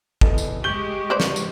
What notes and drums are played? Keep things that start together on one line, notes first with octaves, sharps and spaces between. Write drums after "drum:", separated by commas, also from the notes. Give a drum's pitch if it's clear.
E2 A4 D#5, drum: kick
drum: tambourine
G#3 G4 C#6 G6 F#7 G7
B4 C5 D5
drum: snare
drum: tambourine